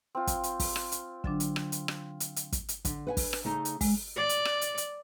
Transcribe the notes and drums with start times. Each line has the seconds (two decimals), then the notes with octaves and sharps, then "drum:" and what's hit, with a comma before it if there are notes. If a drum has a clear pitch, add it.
0.15 C4 F4
0.27 drum: kick, hi-hat
0.43 drum: hi-hat
0.60 drum: kick, open hi-hat
0.76 drum: rim click
0.92 drum: hi-hat
1.24 D3 F#3 D4, drum: kick
1.40 drum: hi-hat
1.56 drum: rim click
1.72 drum: hi-hat
1.88 drum: rim click
2.20 drum: hi-hat
2.36 drum: hi-hat
2.52 drum: kick, hi-hat
2.69 drum: hi-hat
2.85 D3, drum: kick, hi-hat
3.07 B4 F#5 G#5
3.17 drum: kick, open hi-hat
3.33 drum: rim click
3.44 C#3 A3 D#4
3.65 drum: hi-hat
3.81 G#3, drum: kick, open hi-hat
4.17 D5
4.29 drum: hi-hat
4.45 drum: rim click
4.61 drum: hi-hat
4.78 drum: hi-hat